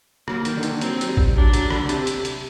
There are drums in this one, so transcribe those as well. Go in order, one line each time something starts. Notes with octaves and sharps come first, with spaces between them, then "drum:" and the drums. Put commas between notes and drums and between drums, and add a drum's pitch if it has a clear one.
F#3 A#3, drum: rim click
D#3, drum: hi-hat
D3
D#3, drum: hi-hat
F#3 C4, drum: hi-hat
F#3, drum: hi-hat
G3
drum: kick A1
F#3 D4
F#3, drum: hi-hat
D3, drum: rim click
C3, drum: hi-hat
drum: hi-hat
drum: hi-hat